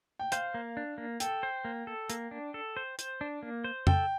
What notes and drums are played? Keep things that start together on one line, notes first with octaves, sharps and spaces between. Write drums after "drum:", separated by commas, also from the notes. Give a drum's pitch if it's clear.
G5
C5 F5, drum: hi-hat
A#3
D4
A#3
A4 G5, drum: hi-hat
C5
A#3
A4
A#3, drum: hi-hat
D4
A4
C5
C5, drum: hi-hat
D4
A#3
C5
A4 G5, drum: tom F2